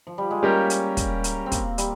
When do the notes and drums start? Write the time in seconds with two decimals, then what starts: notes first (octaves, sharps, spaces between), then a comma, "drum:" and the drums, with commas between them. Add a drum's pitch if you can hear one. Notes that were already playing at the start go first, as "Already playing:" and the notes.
0.07 F3
0.18 G3
0.31 G#3
0.43 G3 A#3 C#4 G4 A#4
0.70 drum: hi-hat
0.97 drum: kick, hi-hat
1.24 drum: hi-hat
1.46 C4
1.52 A#3, drum: kick, hi-hat
1.78 G3, drum: hi-hat